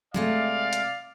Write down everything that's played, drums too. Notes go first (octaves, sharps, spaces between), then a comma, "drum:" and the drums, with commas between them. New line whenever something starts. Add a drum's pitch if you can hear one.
C3 G#3 A3 D5 F5, drum: tom F#3
drum: hi-hat